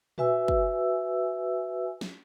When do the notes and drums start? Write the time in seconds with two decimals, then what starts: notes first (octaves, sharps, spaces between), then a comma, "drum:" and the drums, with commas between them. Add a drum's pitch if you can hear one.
0.18 F#4 B4 E5 G#5 E6, drum: tom A#2
0.48 drum: kick
2.01 drum: snare